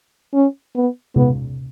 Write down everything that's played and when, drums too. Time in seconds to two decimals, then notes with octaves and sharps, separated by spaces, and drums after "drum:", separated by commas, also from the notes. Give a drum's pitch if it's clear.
0.34 C#4
0.75 B3
1.16 B3, drum: tom C3